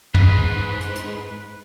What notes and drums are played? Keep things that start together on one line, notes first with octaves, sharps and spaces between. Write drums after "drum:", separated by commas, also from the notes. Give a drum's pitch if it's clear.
G#2 B4, drum: tom
drum: hi-hat
drum: hi-hat